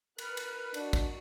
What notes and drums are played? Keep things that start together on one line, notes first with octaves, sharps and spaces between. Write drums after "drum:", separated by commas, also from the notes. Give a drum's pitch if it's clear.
A#4 B4 F6 F#6, drum: cymbal
drum: cymbal
D4 D#4 F#4, drum: cymbal
drum: kick, cymbal